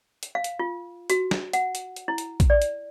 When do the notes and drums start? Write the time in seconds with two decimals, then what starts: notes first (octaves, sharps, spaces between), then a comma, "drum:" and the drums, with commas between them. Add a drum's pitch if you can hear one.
0.23 drum: hi-hat
0.35 F5
0.44 drum: hi-hat
0.59 F4
1.10 F#4, drum: hi-hat
1.31 drum: snare
1.53 F#5, drum: hi-hat
1.75 drum: hi-hat
1.96 drum: hi-hat
2.08 E4
2.18 drum: hi-hat
2.40 drum: kick, hi-hat
2.50 D5
2.62 drum: hi-hat